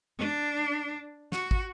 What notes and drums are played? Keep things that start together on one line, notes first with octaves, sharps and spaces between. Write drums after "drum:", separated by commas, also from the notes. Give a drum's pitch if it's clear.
D4
F#4, drum: snare
drum: kick